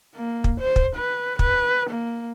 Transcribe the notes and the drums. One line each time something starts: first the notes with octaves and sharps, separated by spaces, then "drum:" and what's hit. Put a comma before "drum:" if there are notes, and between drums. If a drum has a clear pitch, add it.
A#3
drum: kick
C5
drum: kick
B4
B4, drum: kick
A#3